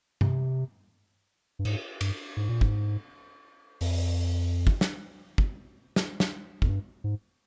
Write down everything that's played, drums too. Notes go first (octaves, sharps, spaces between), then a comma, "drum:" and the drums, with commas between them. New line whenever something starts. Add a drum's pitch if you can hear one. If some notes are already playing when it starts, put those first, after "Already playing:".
C3, drum: tom G2
G2
G#2, drum: cymbal
G2, drum: cymbal
G#2
A#2
G#2, drum: kick
F2, drum: open hi-hat
drum: kick
drum: snare
drum: kick
drum: snare
drum: snare
F2, drum: kick
G2
G#2